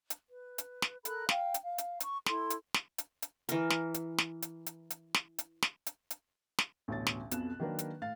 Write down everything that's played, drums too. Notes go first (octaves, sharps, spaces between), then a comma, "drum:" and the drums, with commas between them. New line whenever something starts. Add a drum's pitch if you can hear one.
drum: hi-hat
B4
drum: hi-hat
drum: snare
A4 A#4 B5 F#6, drum: hi-hat
F5 G5, drum: snare
drum: hi-hat
F5
drum: hi-hat
C#6, drum: hi-hat
E4 A4 C6, drum: snare
drum: hi-hat
drum: snare
drum: hi-hat
drum: hi-hat
E3 A#4, drum: hi-hat
drum: snare
drum: hi-hat
drum: snare
drum: hi-hat
drum: hi-hat
drum: hi-hat
drum: snare
drum: hi-hat
drum: snare
drum: hi-hat
drum: hi-hat
drum: snare
A1 D2 B2 C#5 A6
drum: snare
B1 F2 B2 F#6 E7, drum: hi-hat
D#3 F#3 A#3 D4 A#4 B4
drum: hi-hat
A2 F5 A6